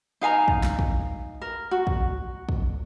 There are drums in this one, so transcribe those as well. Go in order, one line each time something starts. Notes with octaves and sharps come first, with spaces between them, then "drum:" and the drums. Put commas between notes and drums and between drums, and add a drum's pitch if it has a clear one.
D#4 F5 G#5 A#5
drum: kick
drum: snare
drum: kick
A#4
F#4
drum: kick
drum: kick